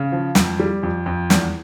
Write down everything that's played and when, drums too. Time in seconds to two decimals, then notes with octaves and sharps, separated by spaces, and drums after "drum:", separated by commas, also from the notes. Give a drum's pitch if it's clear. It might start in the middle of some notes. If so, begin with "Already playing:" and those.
Already playing: C#3
0.12 F3
0.35 F2, drum: snare
0.60 G3
0.83 F2
1.06 F2
1.30 E2, drum: snare